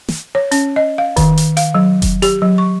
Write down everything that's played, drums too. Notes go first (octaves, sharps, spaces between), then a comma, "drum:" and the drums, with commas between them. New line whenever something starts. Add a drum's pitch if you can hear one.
drum: snare
C#5
C#4, drum: hi-hat
D#5
F5
D#3, drum: kick F1, hi-hat
drum: hi-hat
F5, drum: hi-hat
F#3
drum: kick F1, hi-hat
G4, drum: hi-hat
F#3
C#6